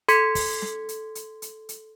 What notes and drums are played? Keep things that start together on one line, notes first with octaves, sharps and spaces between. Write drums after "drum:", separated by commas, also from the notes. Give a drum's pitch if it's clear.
A4 C6 G#6 B6 C#7, drum: hi-hat
drum: kick, open hi-hat
drum: snare
drum: hi-hat
drum: hi-hat
drum: hi-hat
drum: hi-hat